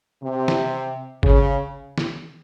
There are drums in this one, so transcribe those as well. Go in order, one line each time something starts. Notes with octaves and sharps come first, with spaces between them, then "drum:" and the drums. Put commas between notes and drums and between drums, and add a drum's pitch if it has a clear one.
C3
drum: snare
C#3, drum: kick G1
drum: snare